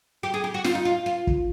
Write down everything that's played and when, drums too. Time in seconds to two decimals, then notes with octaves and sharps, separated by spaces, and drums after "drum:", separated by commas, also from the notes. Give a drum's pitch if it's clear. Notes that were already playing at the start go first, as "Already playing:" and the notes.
0.23 G4
0.34 G#4
0.44 G4
0.54 F#4
0.64 F4, drum: snare
0.75 D#4
0.85 F4
1.06 F4
1.27 drum: kick